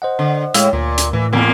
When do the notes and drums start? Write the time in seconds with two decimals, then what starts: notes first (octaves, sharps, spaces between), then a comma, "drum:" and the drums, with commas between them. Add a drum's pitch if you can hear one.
0.02 C5 D#5 F#5
0.19 D3
0.54 A2 G#3 F5 E6, drum: hi-hat
0.73 D2 A#2
0.98 drum: hi-hat
1.13 A2 E3
1.33 E2 A#2 A#3